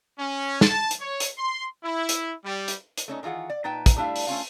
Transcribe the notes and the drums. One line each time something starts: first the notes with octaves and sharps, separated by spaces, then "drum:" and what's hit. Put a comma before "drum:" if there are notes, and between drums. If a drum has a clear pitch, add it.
C#4
A5, drum: snare
drum: hi-hat
C#5
drum: hi-hat
C6
E4
drum: hi-hat
G3
drum: hi-hat
drum: hi-hat
A3 C#4 D#4
D#3 E3 F4 G#4 F#5
D5
A#2 D#4 B4 G5 A5
drum: kick, hi-hat
G3 A3 D4 E4 E5 F5
drum: open hi-hat
A3 C#4 F4 F5